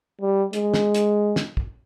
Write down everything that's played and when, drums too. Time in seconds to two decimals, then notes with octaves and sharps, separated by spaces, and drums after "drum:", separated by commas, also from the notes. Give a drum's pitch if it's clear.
0.21 G3
0.53 G#3, drum: hi-hat
0.74 drum: snare
0.94 drum: hi-hat
1.36 drum: snare
1.57 drum: kick